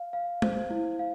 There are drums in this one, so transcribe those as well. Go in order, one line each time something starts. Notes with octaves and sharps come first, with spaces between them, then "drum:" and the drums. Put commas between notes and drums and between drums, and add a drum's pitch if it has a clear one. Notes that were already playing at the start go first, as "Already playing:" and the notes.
Already playing: F5
F5
C5, drum: tom
E4
F5